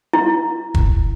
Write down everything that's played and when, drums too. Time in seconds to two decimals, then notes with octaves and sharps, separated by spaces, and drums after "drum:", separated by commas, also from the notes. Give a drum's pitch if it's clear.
0.13 E4
0.74 drum: kick